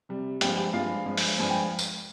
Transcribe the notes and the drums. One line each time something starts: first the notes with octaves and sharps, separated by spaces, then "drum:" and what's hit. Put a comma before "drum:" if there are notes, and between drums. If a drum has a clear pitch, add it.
C3 G3
G2 F3 G#3 G4 G5, drum: hi-hat
G4 G5
G2 F3 G#3 F4 F5
G2 F3 G#3
drum: open hi-hat
G2 F3 G#3 G#5
G5
drum: tambourine